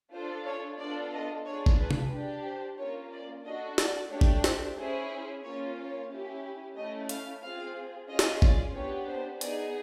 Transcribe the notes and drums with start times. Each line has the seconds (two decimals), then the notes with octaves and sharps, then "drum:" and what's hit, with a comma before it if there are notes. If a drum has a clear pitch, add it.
0.13 D4 F4 A4 C5
0.47 C#5
0.79 B3 D4 F4 A4 D5
1.13 D#5
1.46 D4 F4 G#4 C#5
1.66 drum: kick G#1
1.79 B4
1.91 drum: tom C3
2.12 D4 G4
2.45 C5
2.78 A#3 C#4 F4 C#5
3.12 D5
3.45 D4 F#4 A4 D#5
3.78 D5, drum: snare
4.11 A3 D4 G4 C#5
4.21 drum: kick G#1
4.44 C5, drum: snare
4.78 C#4 E4 G#4 C5
5.10 C5
5.43 A#3 C#4 F4 C#5
5.76 C#5
6.09 C#4 E4 G4
6.76 A3 C#4 E4 D#5
7.09 F5, drum: hi-hat
7.42 C4 F4 G#4 F5
8.09 C#4 F4 G#4 D#5
8.19 drum: snare
8.42 D5, drum: kick G#1
8.75 B3 D4 G4 C#5
9.09 C5
9.41 B3 D#4 G#4 D5, drum: hi-hat